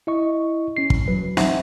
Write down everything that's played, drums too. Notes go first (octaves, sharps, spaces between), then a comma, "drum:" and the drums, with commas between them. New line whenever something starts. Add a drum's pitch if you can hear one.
E4 D#5 C#6
C#4 C7
drum: kick
F#3 B4
D#4 C5 E5 F#5, drum: snare